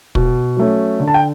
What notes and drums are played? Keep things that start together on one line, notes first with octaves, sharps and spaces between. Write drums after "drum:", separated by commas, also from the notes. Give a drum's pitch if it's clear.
B2, drum: kick
F#3 A3 C#4
D3
A5
G5